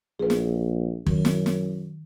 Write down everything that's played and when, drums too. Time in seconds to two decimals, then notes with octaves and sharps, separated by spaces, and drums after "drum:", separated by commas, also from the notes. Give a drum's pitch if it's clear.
0.19 A#1 G#4 B4
0.30 drum: snare
1.07 F#2 D#3, drum: kick
1.25 drum: snare
1.46 drum: snare